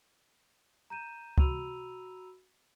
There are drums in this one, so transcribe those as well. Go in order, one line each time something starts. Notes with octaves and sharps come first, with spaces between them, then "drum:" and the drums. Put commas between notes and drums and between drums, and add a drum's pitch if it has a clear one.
A#5 G6 D#7 E7
F#4 A#5 B5 E6 D#7 F7, drum: kick